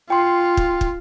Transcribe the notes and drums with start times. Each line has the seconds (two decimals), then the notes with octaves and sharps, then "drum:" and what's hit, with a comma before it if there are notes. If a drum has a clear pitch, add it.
0.10 F4 G5 C6
0.57 drum: kick
0.81 drum: kick